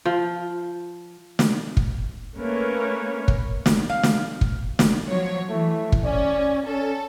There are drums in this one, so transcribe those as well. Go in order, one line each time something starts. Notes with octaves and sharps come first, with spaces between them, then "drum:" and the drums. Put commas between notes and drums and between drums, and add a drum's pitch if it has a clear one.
F3
drum: snare
drum: kick
A3 A#3 C#4 A#4 B4 C#5
drum: kick
drum: snare
F5
drum: snare
drum: kick
drum: snare
F3 F#3 C#5
E3 A3
drum: kick
C#4 D5
C#4 A4